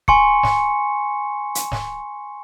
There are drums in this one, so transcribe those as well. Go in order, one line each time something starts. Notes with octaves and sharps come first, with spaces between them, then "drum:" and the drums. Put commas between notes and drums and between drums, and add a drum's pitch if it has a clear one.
G#5 C6 C#6 C#7, drum: kick
drum: snare
drum: hi-hat
drum: snare